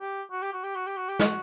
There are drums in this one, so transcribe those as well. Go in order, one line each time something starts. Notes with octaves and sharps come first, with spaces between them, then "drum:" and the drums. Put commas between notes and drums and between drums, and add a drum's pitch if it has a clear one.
G4
F#4
G4
F#4
G4
F#4
G4
F#4
G4
F#4, drum: snare